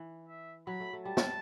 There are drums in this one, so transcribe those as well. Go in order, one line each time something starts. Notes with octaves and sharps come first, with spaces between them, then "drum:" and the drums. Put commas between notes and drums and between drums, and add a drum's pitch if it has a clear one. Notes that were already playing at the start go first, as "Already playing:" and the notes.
Already playing: E3
E5
F#3 B5
A3
A3
G3 A5
drum: snare